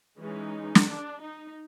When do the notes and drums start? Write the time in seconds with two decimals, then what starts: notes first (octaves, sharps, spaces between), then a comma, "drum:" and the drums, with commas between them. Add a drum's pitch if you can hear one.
0.18 E3 G#3 C#4 D#4
0.75 drum: snare
0.86 D4
1.21 D#4